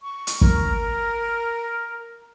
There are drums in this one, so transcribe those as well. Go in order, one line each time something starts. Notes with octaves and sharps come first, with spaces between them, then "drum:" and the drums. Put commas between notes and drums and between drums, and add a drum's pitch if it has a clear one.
C#6
drum: hi-hat
A#4, drum: kick